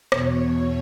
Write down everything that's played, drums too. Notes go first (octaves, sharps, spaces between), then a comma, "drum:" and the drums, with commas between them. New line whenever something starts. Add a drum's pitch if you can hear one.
E2 B2 C#5, drum: rim click